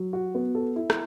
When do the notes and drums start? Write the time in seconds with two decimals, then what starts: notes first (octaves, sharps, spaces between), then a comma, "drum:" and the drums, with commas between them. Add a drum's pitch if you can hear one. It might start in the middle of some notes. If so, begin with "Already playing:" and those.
Already playing: F#3
0.13 F#4
0.35 B3
0.55 A4
0.76 E4
0.90 drum: rim click